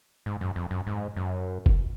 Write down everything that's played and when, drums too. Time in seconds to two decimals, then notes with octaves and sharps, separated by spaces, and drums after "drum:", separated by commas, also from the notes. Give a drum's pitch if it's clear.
0.26 G#2
0.41 F#2
0.56 F2
0.71 F#2
0.87 G#2
1.16 F#2
1.66 drum: kick